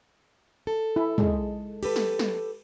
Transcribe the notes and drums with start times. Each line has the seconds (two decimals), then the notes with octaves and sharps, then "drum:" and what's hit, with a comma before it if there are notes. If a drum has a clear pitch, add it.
0.67 A4
0.96 E4
1.18 G#3, drum: tom
1.83 G4 A4 B4, drum: cymbal
1.96 drum: snare
2.19 drum: snare